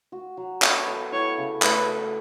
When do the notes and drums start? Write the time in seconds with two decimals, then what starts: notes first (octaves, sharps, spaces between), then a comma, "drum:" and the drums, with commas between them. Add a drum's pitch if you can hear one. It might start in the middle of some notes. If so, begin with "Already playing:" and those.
0.12 F#4
0.37 F#3
0.62 B3 C#5, drum: clap
0.88 A4
1.12 E4 C#5
1.38 C#3
1.62 A3 B4, drum: clap
1.87 B4